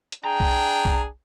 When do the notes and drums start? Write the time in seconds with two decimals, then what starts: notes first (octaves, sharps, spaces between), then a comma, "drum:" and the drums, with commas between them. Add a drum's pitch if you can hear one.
0.12 drum: hi-hat
0.24 D4 G#4 G5 A#5
0.40 drum: kick B1
0.85 drum: kick B1